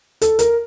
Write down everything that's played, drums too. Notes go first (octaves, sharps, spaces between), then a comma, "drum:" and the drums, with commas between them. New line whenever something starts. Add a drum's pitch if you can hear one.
A4, drum: hi-hat
A#4, drum: hi-hat